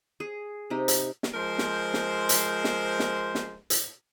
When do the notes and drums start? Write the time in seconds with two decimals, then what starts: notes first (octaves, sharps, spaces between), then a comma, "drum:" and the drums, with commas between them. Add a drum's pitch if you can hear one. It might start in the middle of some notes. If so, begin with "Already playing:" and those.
0.20 G#4
0.70 C3 D#4 G4
0.88 drum: hi-hat
1.23 drum: snare
1.33 F3 G#3 A#4 C5
1.58 drum: snare
1.94 drum: snare
2.29 drum: hi-hat
2.64 drum: snare
3.00 drum: snare
3.35 drum: snare
3.70 drum: hi-hat